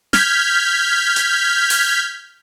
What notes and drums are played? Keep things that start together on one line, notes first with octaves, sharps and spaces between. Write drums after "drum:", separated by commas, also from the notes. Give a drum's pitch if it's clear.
F6 G6 G#6 B6, drum: snare
drum: hi-hat
drum: open hi-hat